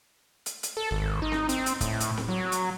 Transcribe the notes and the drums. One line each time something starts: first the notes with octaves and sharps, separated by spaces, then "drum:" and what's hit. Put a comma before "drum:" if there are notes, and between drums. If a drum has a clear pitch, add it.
drum: hi-hat
drum: hi-hat
A4
G#1
D#4
drum: snare C4
C4, drum: hi-hat
drum: hi-hat
A2, drum: kick, hi-hat
drum: hi-hat
drum: snare C4
F#3
drum: hi-hat